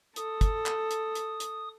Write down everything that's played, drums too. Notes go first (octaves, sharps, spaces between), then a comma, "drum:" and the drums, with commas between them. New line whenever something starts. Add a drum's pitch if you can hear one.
A4 D#6, drum: hi-hat
drum: kick, hi-hat
drum: clap
drum: hi-hat
drum: hi-hat
drum: hi-hat